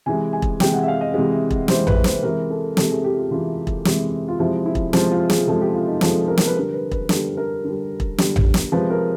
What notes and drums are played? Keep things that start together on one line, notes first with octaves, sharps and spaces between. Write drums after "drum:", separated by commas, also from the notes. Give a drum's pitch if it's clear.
C3 E3 G#3 G#5
G#5
drum: kick E1
C3 E3 G#3 G5, drum: snare
F#5
E5
F5
D#5
C3 E3 G#3
drum: kick E1
C3 E3 G#3 C5, drum: snare
B4, drum: tom A1
C5, drum: snare
C3 E3 G#3 A#4
A4
C3 E3 G#3 A4, drum: snare
G#4
G4
F4
C3 E3 G#3 F4
drum: kick E1
C3 E3 G#3, drum: snare
F4
C3 F3 G#3 E4
E4
drum: kick E1
C3 F3 G#3 F4, drum: snare
F4
G#4, drum: snare
C3 F3 G#3 A4
G4
F4
D#4
C3 F3 G#3 A4, drum: snare
A#4
drum: snare
B4
D3 G3 A#4
B4
B4, drum: kick E1
D3 G3 A4, drum: snare
A#4
D3 G3
drum: kick E1
D3 G3, drum: snare
drum: tom A1
drum: snare
C3 F3 G#3 B4
A#4